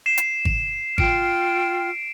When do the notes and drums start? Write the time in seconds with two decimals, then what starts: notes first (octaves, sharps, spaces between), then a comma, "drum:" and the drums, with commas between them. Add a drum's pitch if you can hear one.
0.06 C7 E7
0.18 drum: hi-hat
0.45 drum: kick G#1
0.98 F4 G5 F6 C7 D7, drum: kick G#1